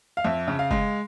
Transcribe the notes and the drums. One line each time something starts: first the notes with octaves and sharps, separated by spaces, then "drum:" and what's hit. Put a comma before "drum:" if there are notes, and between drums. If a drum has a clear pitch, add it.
F5
F2 E5
C#3
F5
G#3, drum: kick